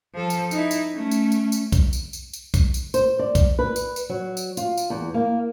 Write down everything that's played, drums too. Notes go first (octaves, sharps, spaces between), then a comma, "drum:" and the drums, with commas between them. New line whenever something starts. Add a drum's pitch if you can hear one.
F3 A4
drum: tambourine
D#4 E4, drum: tambourine
drum: tambourine
A3 C#4
drum: tambourine
drum: tambourine
drum: tambourine
drum: kick B1, tambourine
drum: tambourine
drum: tambourine
drum: tambourine
drum: kick B1, tambourine
drum: tambourine
C5, drum: tambourine
D5
drum: kick B1, tambourine
B4
drum: tambourine
drum: tambourine
F#3
drum: tambourine
F4, drum: tambourine
drum: tambourine
E2
A#3